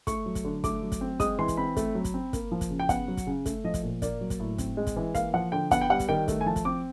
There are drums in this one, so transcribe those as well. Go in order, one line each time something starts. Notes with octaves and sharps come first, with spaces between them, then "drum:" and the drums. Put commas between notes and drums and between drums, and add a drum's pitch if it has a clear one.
A3 C#6, drum: kick, hi-hat
F#3
drum: kick, hi-hat
D3
A3 D6, drum: kick, hi-hat
F#3
drum: kick, hi-hat
C4
G#3 D#6, drum: kick, hi-hat
E3 C6
drum: kick, hi-hat
C4 B5
A3, drum: kick, hi-hat
F#3
drum: kick, hi-hat
C4
A#3, drum: kick, hi-hat
F3
drum: kick, hi-hat
C#3
G5
B3 F#5, drum: kick, hi-hat
F#3
drum: kick, hi-hat
C#3
A3, drum: kick, hi-hat
F3 D#5
drum: kick, hi-hat
A#2
A#3 D5, drum: kick, hi-hat
F#3
drum: kick, hi-hat
A2
C4, drum: kick, hi-hat
G#3
drum: kick, hi-hat
E3
A#3 F5, drum: kick, hi-hat
F3 F#5
D3 G5
B3 F#5, drum: kick, hi-hat
G5
G3 F#5
drum: kick, hi-hat
D#3 G5
A3, drum: kick, hi-hat
G#5
F3 A5
drum: kick, hi-hat
C4 D6